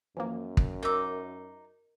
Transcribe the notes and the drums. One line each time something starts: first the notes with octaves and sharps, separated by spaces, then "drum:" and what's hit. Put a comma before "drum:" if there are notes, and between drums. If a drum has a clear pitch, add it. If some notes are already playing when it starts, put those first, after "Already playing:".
F#2 E3 F3 A#3
drum: kick
D#4 A#4 D6 E6